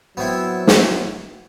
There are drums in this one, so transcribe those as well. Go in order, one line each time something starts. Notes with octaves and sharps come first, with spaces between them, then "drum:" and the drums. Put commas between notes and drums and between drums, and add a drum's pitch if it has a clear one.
F#3 B3 C4 E4
drum: snare